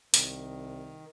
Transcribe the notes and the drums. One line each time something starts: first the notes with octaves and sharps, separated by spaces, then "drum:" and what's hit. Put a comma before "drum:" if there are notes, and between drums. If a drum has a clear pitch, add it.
C2 D#3, drum: hi-hat